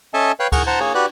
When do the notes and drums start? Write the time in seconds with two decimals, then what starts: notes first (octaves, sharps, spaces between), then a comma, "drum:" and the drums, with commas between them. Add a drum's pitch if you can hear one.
0.14 C#4 A4 D#5 E5 G#5 A5
0.40 B4 C#5 F5 G5
0.52 G#4 A#4 F#5 A#5 C#6, drum: kick D2, cymbal
0.67 C5 F#5 A5 A#5
0.80 A#3 G#4 C#5
0.94 F#4 G4 B4 D5